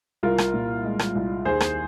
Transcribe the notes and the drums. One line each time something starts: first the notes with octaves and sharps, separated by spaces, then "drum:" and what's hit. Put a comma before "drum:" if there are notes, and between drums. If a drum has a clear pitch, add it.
C2 F4 A#4
drum: rim click
A#2
G#3
drum: rim click
C2
D#2 G#4 C5
drum: rim click